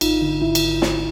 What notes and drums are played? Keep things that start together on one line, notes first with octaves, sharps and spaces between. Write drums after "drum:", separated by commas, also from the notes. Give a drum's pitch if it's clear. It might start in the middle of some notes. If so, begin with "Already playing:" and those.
G#1 D#4 F4, drum: cymbal
D3
G#1 E4
drum: cymbal
drum: snare